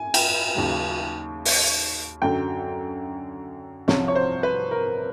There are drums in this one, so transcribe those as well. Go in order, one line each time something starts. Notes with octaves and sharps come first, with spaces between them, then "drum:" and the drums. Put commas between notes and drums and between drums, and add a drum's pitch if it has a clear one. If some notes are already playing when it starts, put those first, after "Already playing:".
Already playing: G#5
G5, drum: cymbal
D#2 C#3 F#3
drum: open hi-hat
F#2 D3 F#3 G5
C2 C3 F3 C#5, drum: snare
C#5
C5
B4
A#4